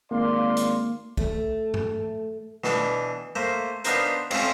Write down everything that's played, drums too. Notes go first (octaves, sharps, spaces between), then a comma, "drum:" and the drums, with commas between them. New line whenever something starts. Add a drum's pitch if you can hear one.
G#1 A#3 D5 F5 C6
drum: hi-hat
A3, drum: kick
drum: tom G2
B2 E3 D4, drum: snare
A3 A#3 C5
B3 D4 D#4 F4 A#4 C5, drum: hi-hat
F2 F3 A3 C#4, drum: cymbal